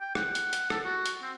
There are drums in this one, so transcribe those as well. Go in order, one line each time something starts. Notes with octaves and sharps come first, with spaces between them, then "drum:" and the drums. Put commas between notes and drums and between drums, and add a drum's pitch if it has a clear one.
G5
F#5, drum: rim click
drum: hi-hat
drum: hi-hat
A4, drum: rim click
F#4
drum: hi-hat
C4